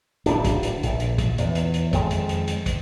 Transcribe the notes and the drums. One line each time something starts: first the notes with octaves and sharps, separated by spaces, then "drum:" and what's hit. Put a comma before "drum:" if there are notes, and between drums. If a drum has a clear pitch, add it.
D1 D4, drum: hi-hat
drum: kick, hi-hat
drum: hi-hat
A#1, drum: hi-hat
drum: hi-hat
drum: kick, hi-hat
E2, drum: hi-hat
drum: hi-hat
drum: hi-hat
F2 D#3 G#3, drum: kick, hi-hat
drum: hi-hat
drum: hi-hat
drum: hi-hat
drum: kick, hi-hat